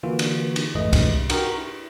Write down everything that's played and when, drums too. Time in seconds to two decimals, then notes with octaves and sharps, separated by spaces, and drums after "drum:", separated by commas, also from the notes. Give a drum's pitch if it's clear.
0.03 D3 E3 A#3 F4 F#4
0.19 drum: cymbal
0.56 drum: cymbal
0.75 A1 F2 G#2 E3 A3 D#5
0.93 drum: kick C2, cymbal
1.30 F#4 A#4 G5, drum: cymbal
1.58 E4